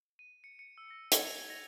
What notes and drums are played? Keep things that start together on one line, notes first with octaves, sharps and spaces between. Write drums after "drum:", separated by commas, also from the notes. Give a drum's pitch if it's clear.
D#7
C#7
C#7
E6
A#6
G#6, drum: hi-hat
F7
A#6